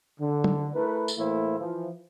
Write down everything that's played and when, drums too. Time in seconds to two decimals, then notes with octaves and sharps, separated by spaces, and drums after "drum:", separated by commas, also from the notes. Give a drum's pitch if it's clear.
0.20 D3
0.44 drum: tom
0.75 A3 E4 A#4 B4
1.08 drum: tambourine
1.18 A2 E3 A3 A#3 E4 C5
1.60 E3 F3